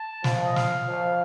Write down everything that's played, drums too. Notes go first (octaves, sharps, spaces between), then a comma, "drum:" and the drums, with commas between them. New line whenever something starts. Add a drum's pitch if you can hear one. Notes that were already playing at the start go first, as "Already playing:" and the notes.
Already playing: A5
F3, drum: snare
D#5
F5, drum: snare
F3